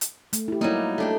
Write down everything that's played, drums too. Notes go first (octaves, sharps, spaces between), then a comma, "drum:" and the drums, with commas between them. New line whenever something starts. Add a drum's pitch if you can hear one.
drum: hi-hat
A3, drum: hi-hat
E4 G4
F#3 G3 A#3 D#4 E4
A3 D4 G5